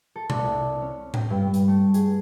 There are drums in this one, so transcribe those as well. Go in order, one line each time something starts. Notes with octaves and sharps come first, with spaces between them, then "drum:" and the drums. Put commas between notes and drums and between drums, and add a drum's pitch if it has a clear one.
A4
D4, drum: tom B2
C2
C#4
G5, drum: tom A2
G2
drum: hi-hat
A3
G#4, drum: hi-hat